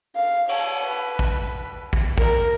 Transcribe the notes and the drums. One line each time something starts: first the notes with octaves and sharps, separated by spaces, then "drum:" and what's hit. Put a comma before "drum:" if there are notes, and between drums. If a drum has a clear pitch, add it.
F5
C#5, drum: cymbal
B4
drum: kick
drum: kick
A#4, drum: kick